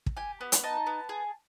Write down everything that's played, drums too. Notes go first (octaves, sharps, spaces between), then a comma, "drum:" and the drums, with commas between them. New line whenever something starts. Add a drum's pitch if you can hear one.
drum: kick
G4 G#5
B3
drum: hi-hat
D#4 A5
B3
G#4